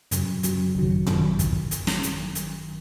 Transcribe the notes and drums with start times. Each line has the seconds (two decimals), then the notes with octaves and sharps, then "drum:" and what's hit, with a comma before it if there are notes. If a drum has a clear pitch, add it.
0.11 F#2 C#3 F#3, drum: hi-hat
0.43 F#2 C#3 F#3, drum: hi-hat
0.75 G#1 F#2 D#3 F#3
1.07 G#1 F#2 D#3 F#3, drum: tom A#2
1.39 drum: kick, hi-hat
1.71 drum: hi-hat
1.87 drum: snare
2.03 drum: hi-hat
2.35 drum: hi-hat